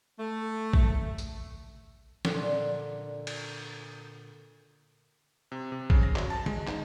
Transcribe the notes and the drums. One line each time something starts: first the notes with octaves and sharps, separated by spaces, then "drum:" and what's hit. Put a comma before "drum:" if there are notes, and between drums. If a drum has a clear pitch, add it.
A3
drum: kick A1
drum: tambourine
A#2 D3, drum: snare
drum: cymbal
C3
C3
C#3, drum: kick A1
A#6
F#3, drum: clap
A5
G#3, drum: tom D3
D#4, drum: clap